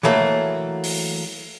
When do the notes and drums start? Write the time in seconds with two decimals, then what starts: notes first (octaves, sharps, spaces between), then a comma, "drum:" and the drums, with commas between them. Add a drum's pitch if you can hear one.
0.03 E3 F#3 A3 A#3
0.84 drum: open hi-hat